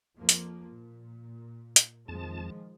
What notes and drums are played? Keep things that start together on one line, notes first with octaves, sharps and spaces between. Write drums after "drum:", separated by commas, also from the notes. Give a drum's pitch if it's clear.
F2 F3 A#3
drum: hi-hat
A#2
drum: hi-hat
F2 D#3 F3 G#3 A5